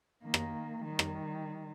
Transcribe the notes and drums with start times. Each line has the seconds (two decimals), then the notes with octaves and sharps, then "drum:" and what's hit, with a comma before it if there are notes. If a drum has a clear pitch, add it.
0.24 D#3 A#3
0.34 drum: rim click
0.83 D#3 G3
0.99 drum: rim click